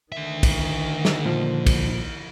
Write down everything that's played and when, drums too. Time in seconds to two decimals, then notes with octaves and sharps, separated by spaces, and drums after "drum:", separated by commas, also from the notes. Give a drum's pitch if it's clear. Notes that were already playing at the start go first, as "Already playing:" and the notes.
0.12 D3 D#3 E5
0.43 drum: kick, cymbal
1.05 drum: snare
1.25 A#2 F3
1.66 drum: kick, cymbal